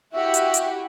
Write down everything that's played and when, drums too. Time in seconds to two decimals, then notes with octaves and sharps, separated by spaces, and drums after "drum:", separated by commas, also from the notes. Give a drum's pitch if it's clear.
0.14 E4 F#4 G4 E5
0.34 drum: hi-hat
0.54 drum: hi-hat